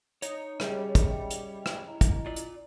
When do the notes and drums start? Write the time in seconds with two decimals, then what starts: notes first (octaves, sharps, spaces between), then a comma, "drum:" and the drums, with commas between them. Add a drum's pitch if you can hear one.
0.22 D#4 C#5, drum: hi-hat
0.60 C#3 G3 D#5 E5 G5, drum: rim click
0.95 drum: kick, hi-hat
1.30 drum: hi-hat
1.66 drum: rim click
1.87 E4 D#5 A#5
2.01 drum: kick, hi-hat
2.26 F4 D5
2.36 drum: hi-hat